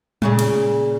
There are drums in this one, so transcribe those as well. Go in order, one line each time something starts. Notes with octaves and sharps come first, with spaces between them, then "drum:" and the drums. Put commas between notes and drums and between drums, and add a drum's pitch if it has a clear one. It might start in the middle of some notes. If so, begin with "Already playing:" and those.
A#2 C#3 G#4, drum: tom
drum: cymbal